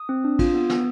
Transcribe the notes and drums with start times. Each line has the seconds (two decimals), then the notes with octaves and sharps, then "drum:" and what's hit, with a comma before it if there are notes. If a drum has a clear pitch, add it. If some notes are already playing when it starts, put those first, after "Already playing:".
Already playing: D#6
0.09 C4
0.24 D4
0.39 F4, drum: kick, cymbal
0.54 B3
0.70 B3, drum: snare